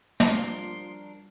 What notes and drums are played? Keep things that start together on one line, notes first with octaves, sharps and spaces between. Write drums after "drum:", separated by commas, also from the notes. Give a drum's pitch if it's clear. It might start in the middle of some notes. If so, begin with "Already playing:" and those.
F3 G3 D4 F4 F#4 A#4 C6, drum: snare